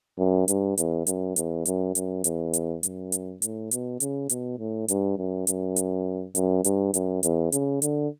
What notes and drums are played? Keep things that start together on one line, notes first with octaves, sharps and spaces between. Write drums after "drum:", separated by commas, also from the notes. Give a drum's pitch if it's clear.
F#2
G2, drum: hi-hat
E2, drum: hi-hat
F#2, drum: hi-hat
E2, drum: hi-hat
F#2, drum: hi-hat
F#2, drum: hi-hat
E2, drum: hi-hat
drum: hi-hat
F#2, drum: hi-hat
drum: hi-hat
A2, drum: hi-hat
B2, drum: hi-hat
C#3, drum: hi-hat
B2, drum: hi-hat
A2
G2, drum: hi-hat
F#2
F#2, drum: hi-hat
drum: hi-hat
F#2, drum: hi-hat
G2, drum: hi-hat
F#2, drum: hi-hat
E2, drum: hi-hat
C#3, drum: hi-hat
D3, drum: hi-hat